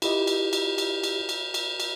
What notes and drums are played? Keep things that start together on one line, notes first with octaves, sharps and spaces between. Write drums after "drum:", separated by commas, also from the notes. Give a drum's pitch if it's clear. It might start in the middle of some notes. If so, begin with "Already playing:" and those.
E4 F4 G4 D#5, drum: cymbal
drum: cymbal
drum: cymbal
drum: cymbal
drum: cymbal
drum: cymbal
drum: cymbal
drum: cymbal